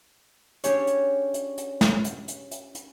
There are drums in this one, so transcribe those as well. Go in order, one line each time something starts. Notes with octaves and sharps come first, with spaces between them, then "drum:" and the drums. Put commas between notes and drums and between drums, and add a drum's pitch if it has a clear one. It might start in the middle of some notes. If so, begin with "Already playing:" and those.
C#4 D4 G4 G#4 C#5, drum: hi-hat
drum: hi-hat
drum: hi-hat
drum: hi-hat
drum: snare
drum: hi-hat
drum: hi-hat
drum: hi-hat
drum: hi-hat